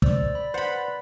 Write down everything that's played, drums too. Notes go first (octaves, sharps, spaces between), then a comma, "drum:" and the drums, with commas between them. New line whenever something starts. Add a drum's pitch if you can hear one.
C5 D5 E6 A6, drum: kick
B5
B4 C5 F#5 B5